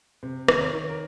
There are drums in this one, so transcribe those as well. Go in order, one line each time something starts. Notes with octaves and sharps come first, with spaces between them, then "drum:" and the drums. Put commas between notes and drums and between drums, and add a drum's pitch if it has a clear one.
C3
D#3, drum: rim click
A#4 C#5
D#3
A#4